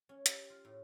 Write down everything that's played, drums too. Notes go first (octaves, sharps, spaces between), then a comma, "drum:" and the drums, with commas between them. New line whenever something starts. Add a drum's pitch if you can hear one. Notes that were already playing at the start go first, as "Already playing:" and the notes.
C#4
G4, drum: hi-hat
F4
A2